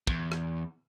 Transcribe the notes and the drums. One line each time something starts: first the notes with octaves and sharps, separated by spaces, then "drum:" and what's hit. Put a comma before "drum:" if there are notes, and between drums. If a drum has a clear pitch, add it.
E2, drum: kick
drum: rim click